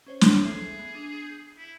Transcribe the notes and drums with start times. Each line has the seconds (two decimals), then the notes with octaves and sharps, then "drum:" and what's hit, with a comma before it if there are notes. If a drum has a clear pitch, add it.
0.07 C#4 C5 C#5
0.21 drum: snare
0.45 G#4 A4 E5
0.79 B3
0.95 D4 F7
1.23 G6
1.58 E4